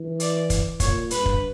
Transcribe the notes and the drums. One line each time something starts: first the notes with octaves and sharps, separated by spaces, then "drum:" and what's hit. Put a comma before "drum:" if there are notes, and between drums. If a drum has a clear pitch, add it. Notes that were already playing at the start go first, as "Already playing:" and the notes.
Already playing: E3
D5, drum: hi-hat
drum: kick, hi-hat
A#2 C#5, drum: kick, hi-hat
G2 B4, drum: hi-hat
drum: kick